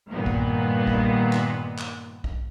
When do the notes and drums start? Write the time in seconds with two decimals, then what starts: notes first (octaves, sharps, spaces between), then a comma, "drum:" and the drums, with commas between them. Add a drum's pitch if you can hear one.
0.11 G2 A#2 D#3 B3
0.26 drum: kick
0.87 drum: kick
1.33 drum: clap
1.78 drum: clap
2.24 drum: kick